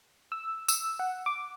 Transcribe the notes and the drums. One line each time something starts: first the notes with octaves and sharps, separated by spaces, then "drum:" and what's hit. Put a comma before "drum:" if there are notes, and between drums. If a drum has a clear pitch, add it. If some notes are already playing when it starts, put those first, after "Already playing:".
E6
E6, drum: tambourine
F#5
D6